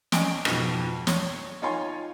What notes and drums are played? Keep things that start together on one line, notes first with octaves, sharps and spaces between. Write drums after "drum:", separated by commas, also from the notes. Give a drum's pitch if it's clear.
C#4 D#5 G#5 A5 D6 D7, drum: snare
F2 G#2 B2, drum: rim click
C#5, drum: snare
D#4 F4 C#5 F5 G#5 C6